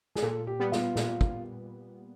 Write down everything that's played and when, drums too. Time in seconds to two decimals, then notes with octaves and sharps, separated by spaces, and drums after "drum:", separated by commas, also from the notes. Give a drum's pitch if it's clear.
0.15 G#4, drum: snare
0.22 A#2 A4
0.47 G4
0.60 G3 B3
0.72 F4, drum: snare
0.96 A#2, drum: snare
1.21 drum: kick